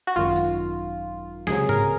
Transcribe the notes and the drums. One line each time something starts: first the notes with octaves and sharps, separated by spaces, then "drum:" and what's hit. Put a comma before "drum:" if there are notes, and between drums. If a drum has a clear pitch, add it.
F#4
G#1 F#2 D#3 F4
drum: tambourine
C#2 C3 F#3 G#4, drum: snare
A#4, drum: tom G#2